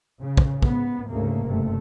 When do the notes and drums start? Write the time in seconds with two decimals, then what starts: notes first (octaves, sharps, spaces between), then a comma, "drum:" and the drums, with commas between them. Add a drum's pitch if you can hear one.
0.21 C#3
0.37 drum: kick
0.62 G#2 B3, drum: kick
1.10 D2 G#2 C#3 A3 A#3
1.44 F#1 G2 C3 A3